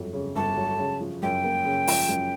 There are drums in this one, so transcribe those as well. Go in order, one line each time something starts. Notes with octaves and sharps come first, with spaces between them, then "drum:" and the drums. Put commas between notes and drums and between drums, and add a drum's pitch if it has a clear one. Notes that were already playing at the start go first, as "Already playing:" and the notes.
Already playing: G1 F2 F#3
C#3
G1 A5
F#3
C#3
F3
F#2 G5
A#3
C#3
F3, drum: open hi-hat
F#2